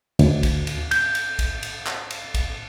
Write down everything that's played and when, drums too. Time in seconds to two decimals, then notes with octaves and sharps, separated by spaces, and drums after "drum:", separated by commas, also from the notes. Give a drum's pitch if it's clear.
0.19 D2, drum: cymbal
0.43 drum: kick, cymbal
0.67 drum: cymbal
0.91 G6, drum: cymbal
1.15 drum: cymbal
1.39 drum: kick, cymbal
1.63 drum: cymbal
1.87 drum: clap
2.10 drum: cymbal
2.34 drum: kick, cymbal